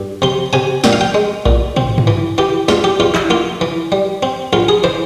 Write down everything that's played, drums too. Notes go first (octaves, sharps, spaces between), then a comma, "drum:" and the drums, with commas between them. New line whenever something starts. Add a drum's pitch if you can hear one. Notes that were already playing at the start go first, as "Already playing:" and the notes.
Already playing: G2
C3 C6
C3 G#5
A#2 G5, drum: snare
F5
G5
G#3
A#2, drum: kick A#1
C4, drum: tom
drum: tom
E3
E3 G4
E2 F4, drum: snare
G4
E2 F4
E4, drum: clap
A#3 F4
E3
G3
C4
A#1 F4
G#4
E3 C5